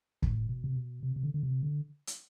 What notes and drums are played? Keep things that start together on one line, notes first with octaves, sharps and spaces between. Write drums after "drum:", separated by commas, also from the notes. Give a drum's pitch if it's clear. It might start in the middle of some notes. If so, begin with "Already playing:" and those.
A2, drum: kick
B2
C3
B2
C3
C3
D3
D3
C3
D3
drum: hi-hat